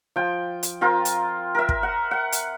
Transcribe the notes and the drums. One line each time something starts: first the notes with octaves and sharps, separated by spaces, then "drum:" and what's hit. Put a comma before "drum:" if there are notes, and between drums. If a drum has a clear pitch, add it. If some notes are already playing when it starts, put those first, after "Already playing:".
F3 G5
drum: hi-hat
C4 F4 A#4
drum: hi-hat
A#4 E5
drum: kick
F#5
F#5
drum: hi-hat